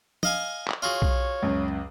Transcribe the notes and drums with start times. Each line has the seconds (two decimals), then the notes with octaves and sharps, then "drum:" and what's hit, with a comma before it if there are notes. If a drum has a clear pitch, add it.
0.23 D#5 F5 G#5, drum: tom
0.68 drum: clap
0.82 F4 F#4 G#4 C#5
1.02 drum: kick B1
1.42 C#2 F#2